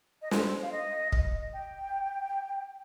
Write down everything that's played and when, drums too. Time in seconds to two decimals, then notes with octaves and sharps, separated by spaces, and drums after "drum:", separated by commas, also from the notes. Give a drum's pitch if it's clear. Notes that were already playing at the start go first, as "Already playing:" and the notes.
0.22 D#5
0.31 C5, drum: snare
0.62 F5
0.72 D#5
1.12 D#5, drum: kick
1.53 G5